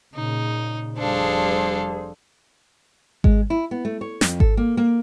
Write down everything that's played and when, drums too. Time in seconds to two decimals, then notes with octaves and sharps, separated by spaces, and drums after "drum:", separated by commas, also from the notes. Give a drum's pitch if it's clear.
0.14 A#2 C#3 D#4
0.98 F1 F3 G3 D4 G#4 A4 C5 F5
3.24 G#3, drum: kick G#1
3.50 E4
3.71 B3
3.85 A3
4.01 C#5
4.21 F2, drum: snare
4.40 A4, drum: kick G#1
4.57 A#3
4.77 A#3